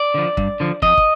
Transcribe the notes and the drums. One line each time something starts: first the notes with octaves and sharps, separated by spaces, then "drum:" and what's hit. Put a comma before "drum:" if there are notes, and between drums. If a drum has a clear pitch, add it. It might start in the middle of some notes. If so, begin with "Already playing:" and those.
Already playing: D5
D3 F3
G2, drum: kick
D3 F3
F2 D#5, drum: kick
drum: kick